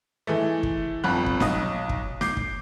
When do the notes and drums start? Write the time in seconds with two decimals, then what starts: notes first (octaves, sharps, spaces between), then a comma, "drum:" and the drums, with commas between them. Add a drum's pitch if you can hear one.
0.27 E3 G#3 A3
0.63 drum: kick
1.04 G1 F2 B5 F#6
1.26 drum: kick
1.40 B1 D#4 D#6, drum: snare
1.89 drum: kick
2.21 D6 G6 C7, drum: snare
2.37 drum: kick